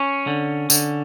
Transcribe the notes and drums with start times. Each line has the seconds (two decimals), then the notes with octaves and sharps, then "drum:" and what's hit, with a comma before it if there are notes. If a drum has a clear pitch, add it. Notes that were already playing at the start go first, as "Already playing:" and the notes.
Already playing: C#4
0.27 D3
0.70 D3, drum: tambourine